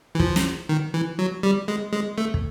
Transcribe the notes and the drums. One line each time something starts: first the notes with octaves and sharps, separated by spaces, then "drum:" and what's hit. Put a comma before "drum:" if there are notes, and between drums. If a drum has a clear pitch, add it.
E3
F3, drum: kick
drum: snare
D#3
E3
F#3
G3
G#3
G#3
A3
drum: kick